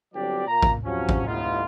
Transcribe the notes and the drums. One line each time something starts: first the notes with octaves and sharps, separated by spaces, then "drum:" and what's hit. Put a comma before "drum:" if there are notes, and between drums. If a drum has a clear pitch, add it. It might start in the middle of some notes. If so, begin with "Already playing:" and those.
G1 F#3 C4 D4 G4 D5
A#2 A#3 A#5
drum: kick
C3 F3 F#3 C#4
drum: kick
G1 C#2 A2 B3 D#4 F4